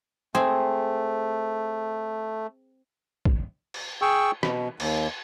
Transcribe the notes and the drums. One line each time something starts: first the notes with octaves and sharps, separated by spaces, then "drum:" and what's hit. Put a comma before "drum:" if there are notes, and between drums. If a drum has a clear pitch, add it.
A3 C4 G#4
drum: kick
drum: cymbal
G#4 G5 C#6 E6
B2, drum: rim click
D#2, drum: cymbal